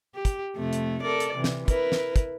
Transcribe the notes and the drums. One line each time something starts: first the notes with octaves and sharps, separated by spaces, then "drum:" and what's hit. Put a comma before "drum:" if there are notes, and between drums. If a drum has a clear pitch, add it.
G4
drum: kick, hi-hat
F2 C3 A3
drum: hi-hat
A4 A#4 D5
drum: hi-hat
C3 E3
drum: snare
E4 A#4 B4, drum: kick, hi-hat
drum: snare
drum: kick, hi-hat